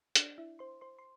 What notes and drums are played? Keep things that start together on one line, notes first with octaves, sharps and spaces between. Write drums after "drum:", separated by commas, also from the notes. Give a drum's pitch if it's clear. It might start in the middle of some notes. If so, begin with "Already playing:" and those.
D4 D5, drum: hi-hat
E4 E5
C5 C6
C5 C6
C6